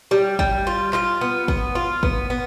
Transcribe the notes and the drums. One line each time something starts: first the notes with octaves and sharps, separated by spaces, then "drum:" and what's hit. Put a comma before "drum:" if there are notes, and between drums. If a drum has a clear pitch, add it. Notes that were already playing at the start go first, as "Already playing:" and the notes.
G3
G3, drum: kick
F4
F4, drum: clap
B3
B3, drum: kick
F4
B3, drum: kick
B3